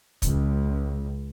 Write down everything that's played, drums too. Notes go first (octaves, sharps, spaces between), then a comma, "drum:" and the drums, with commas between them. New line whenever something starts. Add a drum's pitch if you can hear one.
C#2, drum: kick, hi-hat